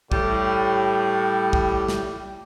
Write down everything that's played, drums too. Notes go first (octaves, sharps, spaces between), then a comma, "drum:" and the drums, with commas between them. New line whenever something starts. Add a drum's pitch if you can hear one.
A2 G3, drum: kick
drum: kick
drum: snare